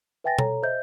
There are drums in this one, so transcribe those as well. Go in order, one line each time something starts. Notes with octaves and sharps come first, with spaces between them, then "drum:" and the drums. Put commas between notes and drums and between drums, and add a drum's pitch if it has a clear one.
B4 E5 G5 G#5 A6 A#6
A4 C#5 A#5, drum: tom B2
C5 D#5 E5 G6